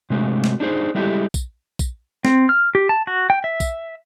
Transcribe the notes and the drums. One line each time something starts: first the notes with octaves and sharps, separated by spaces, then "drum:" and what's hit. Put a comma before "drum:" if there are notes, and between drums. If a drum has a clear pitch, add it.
C3 G#3 A3 F#4
drum: snare
D4 D#4 G#4 C5
G3 G#3 E4 G4 A4
drum: kick, tambourine
drum: kick, tambourine
C4, drum: snare
F6
G4
A5
F#4
G5
E5
drum: kick, tambourine